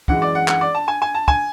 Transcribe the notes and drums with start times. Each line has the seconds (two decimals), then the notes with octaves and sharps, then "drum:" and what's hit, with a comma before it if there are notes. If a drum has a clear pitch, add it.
0.08 F#2 E3 G#3 F#5, drum: kick
0.22 D5
0.35 F#5
0.48 F#5, drum: clap
0.61 D5
0.75 A5
0.88 G#5
1.02 G#5
1.14 A5
1.28 G#5, drum: kick